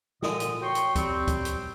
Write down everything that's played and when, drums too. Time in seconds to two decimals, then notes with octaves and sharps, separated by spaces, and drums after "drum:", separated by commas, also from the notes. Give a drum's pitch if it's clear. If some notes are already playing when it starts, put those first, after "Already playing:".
0.23 F#2 A#2 D3 D#5 D#6, drum: snare
0.40 drum: hi-hat
0.61 F#3 G5 C6 C#6
0.75 drum: hi-hat
0.95 G3 C4, drum: kick C#2, hi-hat
1.28 drum: kick C#2, hi-hat
1.45 drum: hi-hat